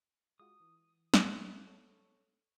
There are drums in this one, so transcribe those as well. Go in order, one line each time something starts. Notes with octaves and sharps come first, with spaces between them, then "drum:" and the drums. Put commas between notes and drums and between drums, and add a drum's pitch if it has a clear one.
G#3 F4 F#4 D#6
E3
drum: snare
E5 C6
A4 C#5 C#6